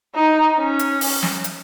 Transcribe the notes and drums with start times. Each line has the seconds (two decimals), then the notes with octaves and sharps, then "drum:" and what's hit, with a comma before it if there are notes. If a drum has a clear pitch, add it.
0.15 D#4
0.58 C#4
0.79 drum: hi-hat
1.01 drum: open hi-hat
1.23 drum: snare
1.44 drum: hi-hat